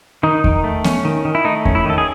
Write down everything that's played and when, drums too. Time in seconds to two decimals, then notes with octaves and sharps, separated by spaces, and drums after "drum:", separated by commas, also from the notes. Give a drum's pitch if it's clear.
0.23 D#3 D#4
0.44 D#3, drum: kick E2
0.64 A3
0.84 C#4, drum: snare B3
1.05 D#3
1.25 D#3
1.35 E4
1.45 A3 D#4
1.65 C#4, drum: kick E2
1.75 E4
1.85 D#3 A4
1.98 G#4